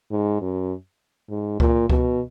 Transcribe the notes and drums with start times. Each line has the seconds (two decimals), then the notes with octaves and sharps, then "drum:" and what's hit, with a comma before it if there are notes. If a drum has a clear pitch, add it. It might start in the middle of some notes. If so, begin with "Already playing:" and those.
0.11 G#2
0.41 F#2
1.30 G#2
1.60 A#2, drum: kick C#2
1.90 B2, drum: kick C#2